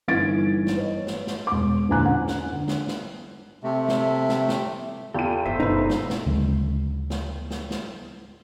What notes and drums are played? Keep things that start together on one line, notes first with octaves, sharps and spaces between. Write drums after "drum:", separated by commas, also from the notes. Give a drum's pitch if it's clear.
G1 E3 D#4 G#6 A6 D7
drum: snare
B4 C#5 D#5
drum: snare
drum: snare
E1 D6
A#1 E2 D3 G#5 A#5 F#6
C#4 F#5
drum: snare
D3
drum: snare
drum: snare
C3 A3
drum: snare
drum: snare
drum: snare
E2 F4 G4 A4 D#7
G1 A4 C5 E5
F#1 B2 D#4 B4
drum: snare
drum: snare
D2 C#3 F#3 G#3
drum: snare
drum: snare
drum: snare